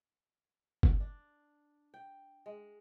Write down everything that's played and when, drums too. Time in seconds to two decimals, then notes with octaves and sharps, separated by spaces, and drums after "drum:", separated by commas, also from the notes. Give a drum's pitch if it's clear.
0.83 drum: kick F#1
1.00 D4
1.94 G5
2.46 G#3